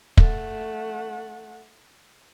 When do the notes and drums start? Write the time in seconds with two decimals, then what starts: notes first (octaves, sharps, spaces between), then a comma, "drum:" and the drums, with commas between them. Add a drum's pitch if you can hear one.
0.17 A3 F#5, drum: kick